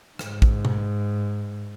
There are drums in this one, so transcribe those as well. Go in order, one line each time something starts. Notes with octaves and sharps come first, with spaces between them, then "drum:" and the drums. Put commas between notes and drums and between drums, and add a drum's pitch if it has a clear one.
G#2, drum: rim click
drum: kick A1
drum: tom B2